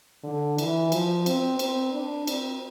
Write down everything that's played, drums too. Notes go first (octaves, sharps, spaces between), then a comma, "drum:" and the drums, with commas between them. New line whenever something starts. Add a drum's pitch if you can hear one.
D3
E3, drum: cymbal
F3, drum: cymbal
C4, drum: cymbal
C4, drum: cymbal
D4
C4, drum: cymbal